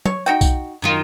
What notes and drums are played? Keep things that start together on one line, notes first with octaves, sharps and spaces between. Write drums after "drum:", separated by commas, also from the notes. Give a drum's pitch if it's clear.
C#5, drum: tom
D#4 F#4 G5
drum: kick B1, tambourine
F#2 D#3 F4